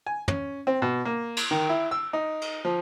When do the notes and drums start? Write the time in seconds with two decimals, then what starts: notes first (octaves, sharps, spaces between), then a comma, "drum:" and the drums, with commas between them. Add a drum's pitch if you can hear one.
0.07 G#5
0.28 C#4, drum: tom
0.67 C4
0.82 B2
1.05 A#3
1.37 drum: cymbal
1.51 D#3
1.69 E4
1.91 E6
2.13 D#4
2.41 drum: cymbal
2.65 F3